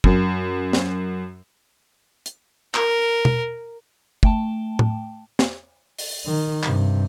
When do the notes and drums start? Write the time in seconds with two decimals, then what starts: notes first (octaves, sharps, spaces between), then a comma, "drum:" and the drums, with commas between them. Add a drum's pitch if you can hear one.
0.04 F#2, drum: kick
0.73 drum: snare
2.26 drum: hi-hat
2.75 A#4, drum: clap
3.25 drum: tom B2
4.23 A3 G5 A5, drum: kick
4.79 drum: tom A2
5.39 drum: snare
5.98 drum: open hi-hat
6.26 D#3
6.63 G2 C3, drum: clap